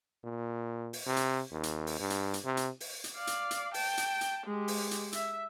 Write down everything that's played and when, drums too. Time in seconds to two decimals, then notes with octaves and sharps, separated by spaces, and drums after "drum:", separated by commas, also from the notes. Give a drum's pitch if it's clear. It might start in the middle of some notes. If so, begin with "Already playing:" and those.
0.24 A#2
0.93 drum: open hi-hat
1.06 C3
1.17 drum: hi-hat
1.51 D#2
1.63 drum: hi-hat
1.87 drum: open hi-hat
2.00 G2
2.10 drum: hi-hat
2.34 drum: hi-hat
2.44 C3
2.57 drum: hi-hat
2.80 drum: open hi-hat
3.04 drum: hi-hat
3.16 D5 F5
3.27 drum: hi-hat
3.51 drum: hi-hat
3.74 G5 A5, drum: open hi-hat
3.97 drum: hi-hat
4.21 drum: hi-hat
4.46 G#3 G4
4.68 drum: open hi-hat
4.91 drum: hi-hat
5.13 E5, drum: hi-hat